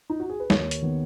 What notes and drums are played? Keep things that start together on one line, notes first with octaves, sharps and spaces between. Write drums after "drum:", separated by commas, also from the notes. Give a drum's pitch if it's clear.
D#4
F#4
G#4
B4
D#2 C#5, drum: snare
drum: hi-hat
D#3 B3